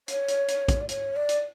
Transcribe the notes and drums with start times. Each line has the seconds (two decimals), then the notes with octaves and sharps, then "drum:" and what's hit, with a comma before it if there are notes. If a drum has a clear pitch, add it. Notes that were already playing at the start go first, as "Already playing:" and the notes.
0.08 C#5, drum: hi-hat
0.28 drum: hi-hat
0.48 drum: hi-hat
0.68 drum: kick, hi-hat
0.80 D5
0.89 C#5, drum: hi-hat
1.16 D5
1.29 drum: hi-hat